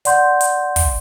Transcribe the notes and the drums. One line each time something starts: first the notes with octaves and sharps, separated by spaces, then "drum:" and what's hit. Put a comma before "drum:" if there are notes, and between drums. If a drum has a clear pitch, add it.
D5 F#5 C6 G6, drum: hi-hat
drum: hi-hat
drum: kick, open hi-hat